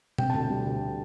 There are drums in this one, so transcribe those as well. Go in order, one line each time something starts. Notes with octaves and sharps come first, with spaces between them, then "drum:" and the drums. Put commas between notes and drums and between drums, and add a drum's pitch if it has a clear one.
C3 G5, drum: tom B2
D2 A5
G5
G3
D2